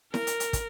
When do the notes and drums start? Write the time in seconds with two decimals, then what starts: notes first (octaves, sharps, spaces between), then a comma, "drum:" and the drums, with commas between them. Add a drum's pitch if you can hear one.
0.14 A#4, drum: snare E4
0.27 drum: hi-hat
0.40 drum: hi-hat
0.53 drum: kick, hi-hat